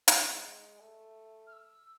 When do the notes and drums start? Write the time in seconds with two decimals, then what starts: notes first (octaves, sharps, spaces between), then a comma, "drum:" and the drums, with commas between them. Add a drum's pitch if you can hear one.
0.08 G#3, drum: hi-hat
0.80 A3
1.47 F6
1.53 E6